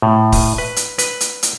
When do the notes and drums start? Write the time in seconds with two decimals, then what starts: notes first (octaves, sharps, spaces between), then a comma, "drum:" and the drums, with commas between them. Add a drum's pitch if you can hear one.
0.02 A2
0.32 drum: kick D1, open hi-hat
0.58 B4
0.76 drum: hi-hat
0.98 B4, drum: hi-hat
1.21 drum: hi-hat
1.43 drum: hi-hat